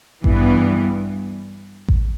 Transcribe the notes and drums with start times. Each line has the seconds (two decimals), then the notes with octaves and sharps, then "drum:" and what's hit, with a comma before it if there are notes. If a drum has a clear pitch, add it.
0.24 G2 E3 B3, drum: kick A1
1.88 drum: kick A1